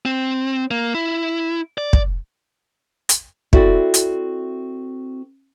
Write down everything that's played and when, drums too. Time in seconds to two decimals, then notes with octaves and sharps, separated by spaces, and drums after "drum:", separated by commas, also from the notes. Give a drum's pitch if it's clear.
0.05 C4
0.71 A#3
0.94 E4
1.78 D5
1.93 drum: kick
3.09 drum: hi-hat
3.53 C4 E4 F#4 A4 D5, drum: kick
3.94 drum: hi-hat